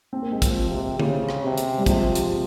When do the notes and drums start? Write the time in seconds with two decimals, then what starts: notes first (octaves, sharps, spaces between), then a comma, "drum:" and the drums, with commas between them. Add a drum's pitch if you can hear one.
0.13 C4
0.22 A#3
0.32 G#3 C4
0.42 F3, drum: kick, hi-hat
0.71 C3
1.00 C#3, drum: tom D3
1.29 drum: rim click
1.43 C3
1.58 drum: hi-hat
1.78 G3
1.86 C3 F3 G#3, drum: kick, hi-hat
2.15 drum: hi-hat